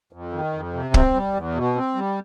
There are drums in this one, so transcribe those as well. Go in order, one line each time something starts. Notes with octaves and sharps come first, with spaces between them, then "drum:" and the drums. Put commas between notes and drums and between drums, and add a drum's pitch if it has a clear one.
F2
D#3
F2
C3
C4, drum: kick
G3
E2
B2
C4
G3